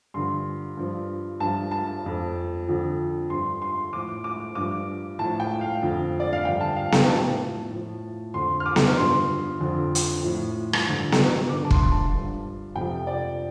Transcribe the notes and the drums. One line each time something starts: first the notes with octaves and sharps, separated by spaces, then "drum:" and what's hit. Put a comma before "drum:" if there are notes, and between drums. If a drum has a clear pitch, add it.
G2 D3 F3 C6
G2 F3
G2 F3 A5
A5
F2 F3
F2 D3 F3
G2 F3 C6
C6
A2 F3 D6
D6
G2 F3 D6
A2 F3 A5
G5
F5
F2 D3 F3
D5
F5
G2 D3 F3 G5
A5
F5
G5, drum: snare B3
A2 F3 A5
A2 F3
F2 D3 F3 C6
F6
D6
drum: snare B3
G2 D3 F3 C6
F2 D3 F3
drum: hi-hat
A2 F3
drum: rim click
G2 D3 F3
drum: snare B3
G2 D3 F3 D6
A5
C6, drum: kick
A5
G2 F3
F2 C3 F3 G5
D5